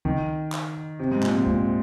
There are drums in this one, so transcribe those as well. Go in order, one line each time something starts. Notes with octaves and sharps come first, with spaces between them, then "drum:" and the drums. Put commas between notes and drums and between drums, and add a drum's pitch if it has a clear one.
D#3, drum: kick C#2
drum: clap
C3
G#2
A#2, drum: clap
G#2
A#2, drum: kick C#2